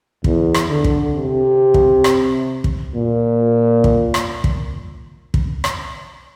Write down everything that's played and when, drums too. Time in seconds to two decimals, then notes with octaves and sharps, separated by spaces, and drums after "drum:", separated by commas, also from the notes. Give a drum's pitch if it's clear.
0.24 E2, drum: kick
0.54 drum: rim click
0.69 D3
0.84 drum: kick
1.15 C3
1.74 drum: kick
2.04 drum: rim click
2.64 drum: kick
2.95 A#2
3.84 drum: kick
4.14 drum: rim click
4.44 drum: kick
5.34 drum: kick
5.64 drum: rim click